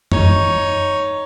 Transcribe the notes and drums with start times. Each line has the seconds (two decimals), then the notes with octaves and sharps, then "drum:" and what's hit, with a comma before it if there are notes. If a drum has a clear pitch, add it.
0.12 D#4 C#5, drum: tom F#2